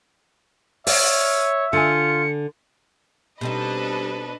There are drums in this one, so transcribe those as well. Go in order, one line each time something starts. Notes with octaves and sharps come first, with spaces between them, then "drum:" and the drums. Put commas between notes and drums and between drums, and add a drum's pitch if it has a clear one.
C#5 D5 E5 F6, drum: open hi-hat
D3 F4 G#5 C#7
B2 G3 C4 D4 D#4 A4 B4 D#5